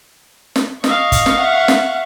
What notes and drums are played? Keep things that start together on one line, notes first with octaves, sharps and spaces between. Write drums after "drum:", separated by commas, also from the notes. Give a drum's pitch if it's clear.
drum: snare
D#5 F5 C#6, drum: snare
drum: kick, hi-hat
drum: snare
E5 F#5
drum: snare